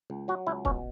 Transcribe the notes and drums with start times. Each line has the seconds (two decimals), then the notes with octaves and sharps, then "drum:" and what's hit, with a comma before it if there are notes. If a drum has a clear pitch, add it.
0.10 C#2
0.28 F#3 F#4
0.47 C#2 E4
0.65 B2 C#4, drum: kick